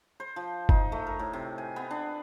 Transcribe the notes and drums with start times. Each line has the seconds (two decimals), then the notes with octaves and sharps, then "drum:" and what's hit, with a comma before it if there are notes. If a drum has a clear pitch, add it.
0.20 C5
0.36 F3
0.69 D#4, drum: kick
0.92 A3
1.07 A#4
1.19 A2
1.33 C3
1.58 G#5
1.76 B3
1.91 D4